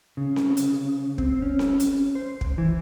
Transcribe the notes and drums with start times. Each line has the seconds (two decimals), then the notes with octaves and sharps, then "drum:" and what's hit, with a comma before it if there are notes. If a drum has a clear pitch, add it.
0.17 C#3
0.36 drum: snare C4
0.57 drum: hi-hat
1.18 C4, drum: kick
1.42 C#4
1.59 drum: snare C4
1.80 drum: hi-hat
2.15 C5
2.41 drum: kick
2.58 E3